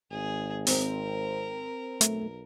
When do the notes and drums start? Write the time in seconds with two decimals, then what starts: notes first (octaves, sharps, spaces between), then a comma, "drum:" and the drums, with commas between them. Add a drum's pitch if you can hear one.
0.11 G#1 G#4
0.67 C4 A#4, drum: open hi-hat
2.01 B1 A3, drum: hi-hat